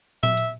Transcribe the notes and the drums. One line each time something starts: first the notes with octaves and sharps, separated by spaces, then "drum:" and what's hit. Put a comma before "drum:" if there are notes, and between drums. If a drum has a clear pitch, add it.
E5, drum: tom A#2
drum: hi-hat